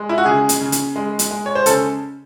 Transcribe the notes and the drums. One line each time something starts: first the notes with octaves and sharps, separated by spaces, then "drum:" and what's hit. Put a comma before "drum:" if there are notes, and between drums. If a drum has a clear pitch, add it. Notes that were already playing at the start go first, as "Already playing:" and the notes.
Already playing: G#3
E4
F#4
C#3 G#4
drum: hi-hat
C#3
drum: hi-hat
G#3
drum: hi-hat
G#3
C#5
C5
C#3 A4, drum: hi-hat